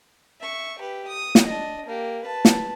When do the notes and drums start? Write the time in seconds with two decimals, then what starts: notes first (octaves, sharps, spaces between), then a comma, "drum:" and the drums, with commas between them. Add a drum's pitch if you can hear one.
0.40 E5 C#6
0.79 G4 B4
1.07 D#6
1.35 drum: snare
1.46 D4 D#5
1.86 A#3 G4
2.23 B4 A5
2.45 drum: snare